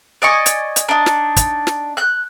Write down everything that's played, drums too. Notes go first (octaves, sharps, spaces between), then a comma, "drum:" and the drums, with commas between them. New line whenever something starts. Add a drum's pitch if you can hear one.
D5 D#5 G#5 C#6
drum: hi-hat
drum: hi-hat
D4 D#4
drum: snare
drum: kick, hi-hat
drum: snare
F#6 G6